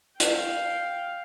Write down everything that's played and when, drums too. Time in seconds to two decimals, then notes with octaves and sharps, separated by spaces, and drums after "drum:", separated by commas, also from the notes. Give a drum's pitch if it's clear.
0.20 F5 G5, drum: hi-hat